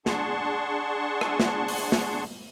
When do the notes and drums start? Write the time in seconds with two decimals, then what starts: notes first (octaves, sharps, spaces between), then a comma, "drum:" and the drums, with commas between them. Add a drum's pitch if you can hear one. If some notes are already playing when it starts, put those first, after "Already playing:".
0.06 D4 G#4 F#5 A5 C6 C#6, drum: snare
1.21 drum: rim click
1.40 drum: snare
1.68 drum: open hi-hat
1.92 drum: snare